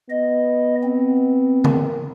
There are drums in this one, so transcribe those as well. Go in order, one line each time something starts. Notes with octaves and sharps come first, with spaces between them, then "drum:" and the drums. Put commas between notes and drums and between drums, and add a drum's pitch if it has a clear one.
B3 D#5
C4
A#4, drum: tom C#3